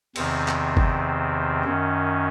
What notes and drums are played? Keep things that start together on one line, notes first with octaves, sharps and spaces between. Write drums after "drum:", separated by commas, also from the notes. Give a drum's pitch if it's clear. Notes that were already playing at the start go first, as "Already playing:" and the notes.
E2 C3 D#3 C4, drum: cymbal
drum: clap
drum: kick
F#2 D#3 C#4